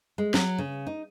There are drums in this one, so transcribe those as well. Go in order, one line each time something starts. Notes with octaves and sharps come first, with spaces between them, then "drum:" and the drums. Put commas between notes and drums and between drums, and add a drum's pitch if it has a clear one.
G#3
F#3, drum: snare
C#3
D#4